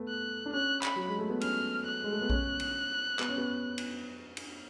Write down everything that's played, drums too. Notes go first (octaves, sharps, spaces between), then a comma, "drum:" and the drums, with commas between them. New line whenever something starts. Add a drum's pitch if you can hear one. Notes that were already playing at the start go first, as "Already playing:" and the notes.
Already playing: A3 B3
F#6
D4
C#4 F#6
B5, drum: clap
F#3
G#3
A3
B3
C#4 F6, drum: cymbal
F#6
G#3
A3
B3
C#4, drum: kick A#1
drum: cymbal
B3, drum: clap
C#4
B3
drum: cymbal
drum: cymbal